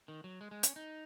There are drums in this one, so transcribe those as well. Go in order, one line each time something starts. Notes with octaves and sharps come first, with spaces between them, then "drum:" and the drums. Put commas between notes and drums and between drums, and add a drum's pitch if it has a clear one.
D#3
F#3
G#3
G#3
C#4, drum: hi-hat
D#4